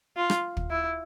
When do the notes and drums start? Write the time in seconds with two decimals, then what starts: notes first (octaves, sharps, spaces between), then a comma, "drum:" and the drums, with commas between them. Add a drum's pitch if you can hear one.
0.17 F4
0.30 drum: rim click
0.57 drum: kick
0.70 E4